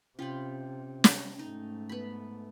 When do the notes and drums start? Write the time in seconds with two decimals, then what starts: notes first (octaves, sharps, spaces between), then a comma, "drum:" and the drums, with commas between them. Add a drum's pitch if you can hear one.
0.19 C3 C#4 F4 G5 B5 G6
1.04 drum: snare
1.39 G#2 A3 D#4
1.89 B3 B5